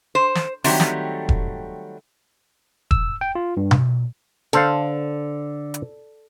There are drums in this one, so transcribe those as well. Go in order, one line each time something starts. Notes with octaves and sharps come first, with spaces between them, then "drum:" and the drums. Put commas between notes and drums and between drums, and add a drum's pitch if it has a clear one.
C5
drum: snare
D#3 F#3 G3 A3 C4, drum: open hi-hat
drum: snare
drum: kick E1
E6, drum: kick E1
G5
F4
G2
drum: tom B2
D3 A4 C5 F5
drum: hi-hat